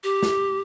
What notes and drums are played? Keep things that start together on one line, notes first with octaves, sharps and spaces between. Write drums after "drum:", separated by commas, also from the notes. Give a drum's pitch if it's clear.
G4
drum: snare